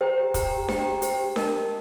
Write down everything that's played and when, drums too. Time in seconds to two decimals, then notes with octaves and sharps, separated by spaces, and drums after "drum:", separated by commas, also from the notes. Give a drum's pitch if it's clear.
0.01 G4 C5 G5 A#5
0.34 G4 C5 G5 A#5, drum: kick, hi-hat
0.68 G4 C5 G5 A#5, drum: snare D4
1.02 G4 C5 G5 A#5, drum: hi-hat
1.36 A#4 D#5 A5, drum: snare D4